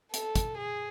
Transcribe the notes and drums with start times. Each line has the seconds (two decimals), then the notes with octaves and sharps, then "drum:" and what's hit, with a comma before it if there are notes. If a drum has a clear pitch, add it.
0.14 A4, drum: hi-hat
0.36 drum: kick, hi-hat
0.58 G#4